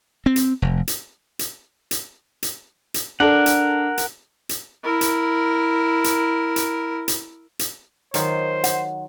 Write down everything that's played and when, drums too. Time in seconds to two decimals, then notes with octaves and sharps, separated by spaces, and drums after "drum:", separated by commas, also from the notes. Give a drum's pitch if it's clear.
0.26 C4
0.36 drum: hi-hat
0.62 F1
0.87 drum: hi-hat
1.39 drum: hi-hat
1.91 drum: hi-hat
2.43 drum: hi-hat
2.94 drum: hi-hat
3.20 D4 A4 A#4 F#5
3.46 drum: hi-hat
3.98 drum: hi-hat
4.49 drum: hi-hat
4.84 E4 A#4
5.01 drum: hi-hat
6.04 drum: hi-hat
6.56 drum: hi-hat
7.08 drum: hi-hat
7.59 drum: hi-hat
8.14 D#3 F#3 F4 C5, drum: hi-hat
8.64 F#5, drum: hi-hat